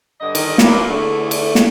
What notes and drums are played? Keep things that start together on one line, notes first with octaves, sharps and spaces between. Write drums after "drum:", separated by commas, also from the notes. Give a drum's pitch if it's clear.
G2 D3 D#5
D#3, drum: cymbal
B1 A#2 E3 A#3, drum: snare
E2 D3 A3
drum: cymbal
drum: snare